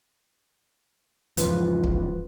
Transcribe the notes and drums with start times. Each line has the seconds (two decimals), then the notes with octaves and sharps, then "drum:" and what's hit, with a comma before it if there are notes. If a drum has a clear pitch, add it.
1.37 E2 G#2 C#3 F3 F4 B4, drum: hi-hat
1.84 drum: kick